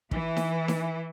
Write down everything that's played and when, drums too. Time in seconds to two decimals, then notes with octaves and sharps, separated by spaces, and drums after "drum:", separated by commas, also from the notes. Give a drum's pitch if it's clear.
0.11 E3, drum: kick
0.37 drum: snare D#4
0.68 drum: snare D#4